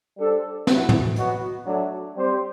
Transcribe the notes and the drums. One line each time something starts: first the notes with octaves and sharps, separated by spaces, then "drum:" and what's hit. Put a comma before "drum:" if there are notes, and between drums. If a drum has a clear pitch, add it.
G3 D4 A4 C5
F#3 B3 E4 B4, drum: snare
drum: tom
B2 F#3 B3 F#4, drum: hi-hat
F#3 A3 D4
G3 C4 G4 C5